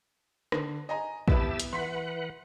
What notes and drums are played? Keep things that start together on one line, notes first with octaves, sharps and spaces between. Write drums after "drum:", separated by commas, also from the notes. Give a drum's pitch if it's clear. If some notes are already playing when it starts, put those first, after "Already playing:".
D3, drum: rim click
D#5 G#5 A#5
B3 E4 G4 B4 E5 A5, drum: kick
drum: hi-hat
E3 B4 F#5 C6 B6